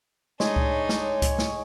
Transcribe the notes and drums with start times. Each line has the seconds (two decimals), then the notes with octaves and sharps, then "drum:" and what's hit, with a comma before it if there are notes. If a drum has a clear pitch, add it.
0.40 G#3 D4 D#4 C#5, drum: snare
0.56 drum: kick C#2
0.89 drum: snare
1.22 drum: kick C#2, hi-hat
1.38 drum: snare